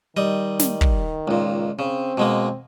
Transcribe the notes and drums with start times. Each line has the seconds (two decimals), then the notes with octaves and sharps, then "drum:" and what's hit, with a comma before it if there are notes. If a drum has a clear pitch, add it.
0.17 D#3 G3 D#5
0.59 drum: snare
0.81 drum: kick
1.28 C#2 A#2
1.79 C#3 C4
2.17 B2 G#3 A#3